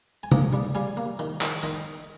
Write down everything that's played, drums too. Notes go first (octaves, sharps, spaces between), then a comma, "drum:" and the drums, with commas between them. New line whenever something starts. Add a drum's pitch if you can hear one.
G#5
A#3 D#5 G5, drum: tom
G3
G3 F5 G#5
A#3
D#3
D#3, drum: clap
D#3 D#5 G5